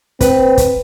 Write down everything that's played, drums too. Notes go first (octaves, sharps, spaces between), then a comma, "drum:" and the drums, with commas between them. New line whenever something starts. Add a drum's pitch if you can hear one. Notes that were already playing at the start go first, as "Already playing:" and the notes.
C4 B4, drum: kick, hi-hat
drum: kick, hi-hat